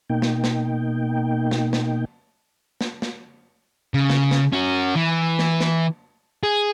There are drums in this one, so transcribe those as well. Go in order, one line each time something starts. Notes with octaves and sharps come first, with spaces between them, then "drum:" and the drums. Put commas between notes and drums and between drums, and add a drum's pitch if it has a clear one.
B2 A#3 D#4 G5
drum: snare
drum: snare
drum: snare
drum: snare
drum: snare
drum: snare
C#3
drum: snare
drum: snare
C#4 F#4
E3
drum: snare
drum: snare
G#4